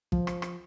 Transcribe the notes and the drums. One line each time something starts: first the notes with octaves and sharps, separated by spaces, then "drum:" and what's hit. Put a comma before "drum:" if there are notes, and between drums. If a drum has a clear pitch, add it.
F3, drum: kick
drum: rim click
drum: rim click